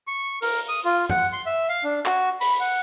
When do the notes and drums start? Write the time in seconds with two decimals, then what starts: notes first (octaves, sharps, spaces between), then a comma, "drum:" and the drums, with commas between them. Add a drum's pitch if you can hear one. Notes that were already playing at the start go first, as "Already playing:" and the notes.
0.07 C#6
0.42 A#4, drum: open hi-hat
0.68 D#6
0.85 F4
1.10 F#5, drum: tom
1.33 C6
1.46 E5
1.69 F5
1.84 D4
2.06 F#4, drum: clap
2.41 B5, drum: open hi-hat
2.60 F#5